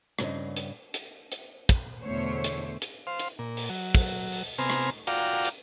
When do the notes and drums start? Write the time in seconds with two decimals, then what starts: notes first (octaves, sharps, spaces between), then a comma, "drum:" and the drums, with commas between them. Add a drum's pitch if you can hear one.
0.19 G2 C#3 C4 A#4 C#5 D#5, drum: rim click
0.57 drum: hi-hat
0.94 drum: hi-hat
1.32 drum: hi-hat
1.69 drum: kick, hi-hat
2.03 E2 B2 D3 A3 C5 C#5
2.44 drum: hi-hat
2.82 drum: hi-hat
3.07 C5 F5
3.19 drum: hi-hat
3.39 A#2
3.57 drum: open hi-hat
3.69 F#3
3.95 drum: kick, open hi-hat
4.32 drum: open hi-hat
4.58 C3 B3 C5 G#5 A#5 F6
4.70 drum: rim click
5.07 F4 F#4 D5 F5 G5 A#5, drum: hi-hat
5.45 drum: hi-hat